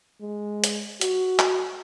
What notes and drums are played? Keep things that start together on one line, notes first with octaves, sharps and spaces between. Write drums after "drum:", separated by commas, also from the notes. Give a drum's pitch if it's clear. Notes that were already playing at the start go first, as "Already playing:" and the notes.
G#3
drum: hi-hat
F#4, drum: hi-hat
drum: clap